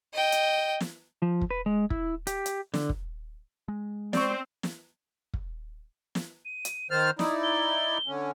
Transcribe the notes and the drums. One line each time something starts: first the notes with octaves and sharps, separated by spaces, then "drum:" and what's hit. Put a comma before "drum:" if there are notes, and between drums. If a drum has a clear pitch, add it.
D#5 G5
drum: hi-hat
drum: snare
F3
drum: kick
B4
G#3
E4, drum: kick
G4, drum: hi-hat
drum: hi-hat
D3, drum: snare
drum: kick
G#3
C4 C5 D5 C#6, drum: snare
drum: snare
drum: kick
drum: snare
D#7
drum: hi-hat
D#3 C5 F6 A6
D#4 E4 D5 D#6, drum: snare
G7
D3 C#4